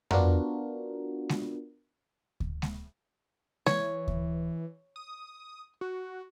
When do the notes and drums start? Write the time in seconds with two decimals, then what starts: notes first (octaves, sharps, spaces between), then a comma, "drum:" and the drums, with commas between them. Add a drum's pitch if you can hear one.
0.11 B3 D4 F4 F#4 A#4, drum: tom F2
1.29 drum: snare G#3
2.40 drum: kick D2
2.62 drum: snare G#3
3.66 E3 C#5, drum: snare G#3
4.08 drum: kick D2
4.96 D#6
5.81 F#4